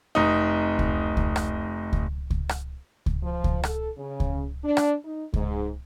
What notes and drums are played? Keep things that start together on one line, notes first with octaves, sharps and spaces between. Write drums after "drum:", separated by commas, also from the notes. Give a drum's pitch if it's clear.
F1 D#4
drum: kick C#2
drum: kick C#2
drum: rim click
drum: kick C#2
drum: kick C#2
drum: rim click
drum: kick C#2
F3
drum: kick C#2
A4, drum: rim click
C#3
drum: kick C#2
D4
drum: rim click
D#4
G#2, drum: kick C#2